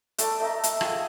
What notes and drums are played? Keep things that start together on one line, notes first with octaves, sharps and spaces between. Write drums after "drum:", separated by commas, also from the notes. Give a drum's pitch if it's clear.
A3 A4 D5, drum: hi-hat
A3 D#5 E5 A#5
drum: hi-hat
F4 G#4 F#5 G#5, drum: rim click